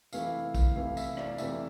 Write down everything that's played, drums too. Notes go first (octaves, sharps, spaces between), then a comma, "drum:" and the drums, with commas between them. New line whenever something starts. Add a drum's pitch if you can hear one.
C3 E3 A3 E4 F5, drum: tambourine
drum: kick A#1, tambourine
C3 E3 A3 E4 F5
E5, drum: tambourine
D5, drum: rim click
C3 E3 A3 E4 E5, drum: tambourine